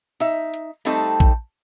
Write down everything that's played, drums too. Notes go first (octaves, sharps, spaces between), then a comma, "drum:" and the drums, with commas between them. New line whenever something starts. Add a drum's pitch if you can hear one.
D#4 E5, drum: hi-hat
drum: hi-hat
G3 A3 C4 D#4 A4, drum: hi-hat
drum: kick A#1, hi-hat